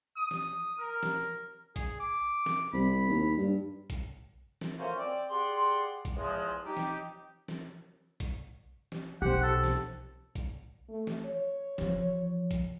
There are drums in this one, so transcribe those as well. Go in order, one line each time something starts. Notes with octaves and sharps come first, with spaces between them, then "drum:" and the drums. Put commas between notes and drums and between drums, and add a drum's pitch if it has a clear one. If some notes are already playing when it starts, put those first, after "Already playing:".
D#6
drum: snare
A#4
drum: snare
G#4, drum: kick, hi-hat
D6
drum: snare
C2 B5
D#2
G2
drum: kick, hi-hat
drum: snare
A3 A#3 C#4 F4 F#4 C5
C4 D5
G4 G#4 D5 F#5 C6
drum: kick, hi-hat
E2 F3 G#3
D#4 G4
drum: snare
drum: snare
drum: kick, hi-hat
drum: snare
B1 G4 C5 F#5
A4
drum: snare
drum: kick, hi-hat
A3
drum: snare
C#5
E3 F3, drum: snare
drum: kick, hi-hat